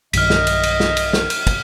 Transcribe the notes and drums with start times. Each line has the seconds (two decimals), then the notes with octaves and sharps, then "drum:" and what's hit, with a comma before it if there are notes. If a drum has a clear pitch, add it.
0.13 B1 G2 D#3 D#5 F6 B6, drum: cymbal
0.30 drum: snare
0.47 drum: cymbal
0.63 drum: cymbal
0.80 drum: snare
0.97 drum: cymbal
1.13 drum: snare
1.30 drum: cymbal
1.47 drum: kick, cymbal